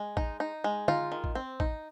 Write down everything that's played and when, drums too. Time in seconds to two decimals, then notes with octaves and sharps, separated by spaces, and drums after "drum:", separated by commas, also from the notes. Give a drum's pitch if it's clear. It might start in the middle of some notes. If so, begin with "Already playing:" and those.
Already playing: G#3
0.17 D#4, drum: kick
0.40 D#4
0.64 G#3
0.88 D#4 F4, drum: tom D3
1.12 D#3
1.24 drum: kick
1.35 C4
1.60 D#4, drum: kick